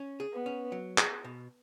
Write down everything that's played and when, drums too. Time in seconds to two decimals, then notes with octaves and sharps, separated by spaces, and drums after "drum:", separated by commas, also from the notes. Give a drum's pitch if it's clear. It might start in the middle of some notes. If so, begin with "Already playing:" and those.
Already playing: C#4
0.20 G#4
0.33 B3
0.46 C#4
0.72 F#3
0.98 G#4, drum: clap
1.24 B2